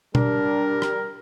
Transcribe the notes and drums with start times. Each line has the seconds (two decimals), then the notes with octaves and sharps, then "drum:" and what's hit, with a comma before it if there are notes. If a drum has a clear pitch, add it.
0.15 G3 D4 A#4, drum: tom B2
0.82 drum: rim click